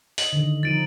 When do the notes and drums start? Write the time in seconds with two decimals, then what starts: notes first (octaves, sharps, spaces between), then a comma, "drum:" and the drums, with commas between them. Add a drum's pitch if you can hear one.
0.18 D#5 F#7, drum: open hi-hat
0.33 D3 D#3
0.63 F3 D#4 A6 D7 D#7